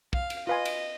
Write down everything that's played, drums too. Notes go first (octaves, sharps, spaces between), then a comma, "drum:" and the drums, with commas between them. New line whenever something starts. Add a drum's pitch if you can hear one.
F5, drum: kick
drum: cymbal
F4 B4 D#5 F5 G#5 C6
drum: cymbal